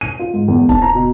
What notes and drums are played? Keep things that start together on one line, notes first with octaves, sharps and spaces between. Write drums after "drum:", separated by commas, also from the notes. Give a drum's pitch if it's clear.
D#7
F4
G#2
E2
A5, drum: kick D#1, hi-hat
A#5
B2